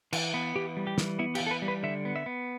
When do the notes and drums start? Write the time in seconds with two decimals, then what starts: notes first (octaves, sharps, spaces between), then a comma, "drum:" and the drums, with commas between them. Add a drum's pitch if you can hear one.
0.13 E3, drum: cymbal
0.34 B3
0.56 E3 G4
0.77 G3
0.87 G4
0.98 E3, drum: snare
1.19 B3 E4
1.35 G4, drum: cymbal
1.40 E3
1.47 A4
1.51 B4
1.62 G3
1.68 B4
1.83 D3 E5
2.05 B3
2.16 E5
2.26 B3